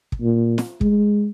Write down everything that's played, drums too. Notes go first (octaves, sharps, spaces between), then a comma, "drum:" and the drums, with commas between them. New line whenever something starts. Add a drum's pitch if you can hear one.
drum: kick
A#2
drum: snare
G#3, drum: kick